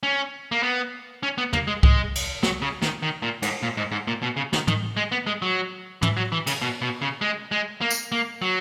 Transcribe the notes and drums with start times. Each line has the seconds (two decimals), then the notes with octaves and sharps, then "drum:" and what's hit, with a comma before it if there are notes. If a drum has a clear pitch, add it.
0.03 C#4
0.52 A#3
0.63 B3
1.23 C#4
1.38 B3
1.53 A#3, drum: tom
1.67 G#3
1.83 G#3, drum: kick C2
2.15 drum: cymbal
2.43 F#3, drum: snare
2.62 C#3
2.82 D#3, drum: snare
3.03 D#3
3.22 A#2
3.42 G#2, drum: cymbal
3.63 A#2
3.77 G#2
3.92 G#2
4.07 A#2
4.23 B2
4.37 C#3
4.53 D#3, drum: snare
4.67 D#3, drum: tom
4.97 G#3
5.12 B3
5.27 G#3
5.42 F#3
6.03 E3, drum: tom
6.17 F#3
6.32 E3
6.47 C#3, drum: cymbal
6.62 B2
6.82 B2
7.02 C#3
7.21 G#3
7.52 G#3
7.81 A#3
7.91 drum: tambourine
8.12 A#3
8.42 F#3